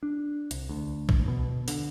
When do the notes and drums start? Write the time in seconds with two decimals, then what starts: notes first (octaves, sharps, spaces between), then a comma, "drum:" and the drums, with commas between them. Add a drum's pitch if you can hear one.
0.03 D4
0.51 C2, drum: hi-hat
0.69 D2
1.09 drum: kick
1.28 B2
1.68 D3, drum: open hi-hat